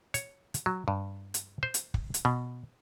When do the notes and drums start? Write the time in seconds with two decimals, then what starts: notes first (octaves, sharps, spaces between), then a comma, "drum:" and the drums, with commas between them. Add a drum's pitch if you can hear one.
0.14 C#5, drum: hi-hat
0.54 drum: hi-hat
0.66 F#3
0.88 G2
1.34 drum: hi-hat
1.63 C5
1.74 drum: hi-hat
1.94 drum: kick
2.14 drum: hi-hat
2.25 B2